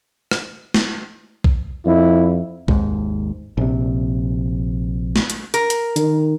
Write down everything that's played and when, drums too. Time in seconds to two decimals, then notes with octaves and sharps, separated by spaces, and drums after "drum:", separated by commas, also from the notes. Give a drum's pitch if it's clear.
0.31 drum: rim click
0.74 drum: snare
1.44 drum: kick B1
1.86 F2 E4
2.68 G#1 D#2 G#2, drum: kick B1
3.57 A#1 C3
5.16 drum: snare
5.30 drum: hi-hat
5.54 A#4, drum: hi-hat
5.70 drum: hi-hat
5.96 D#3, drum: hi-hat